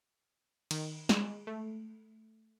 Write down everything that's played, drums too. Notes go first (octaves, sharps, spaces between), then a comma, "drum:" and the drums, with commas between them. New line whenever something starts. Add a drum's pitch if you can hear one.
D#3, drum: cymbal
G#3, drum: snare
A3